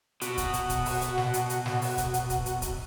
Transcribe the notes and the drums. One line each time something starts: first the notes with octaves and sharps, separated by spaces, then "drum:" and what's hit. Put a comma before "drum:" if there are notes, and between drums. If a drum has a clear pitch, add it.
B2 F#4, drum: hi-hat
drum: kick, hi-hat
drum: hi-hat
drum: kick, hi-hat
drum: open hi-hat
drum: hi-hat
drum: snare
drum: hi-hat
drum: hi-hat
drum: snare
drum: open hi-hat
drum: kick, hi-hat
drum: hi-hat
drum: kick, hi-hat
drum: hi-hat
drum: kick, hi-hat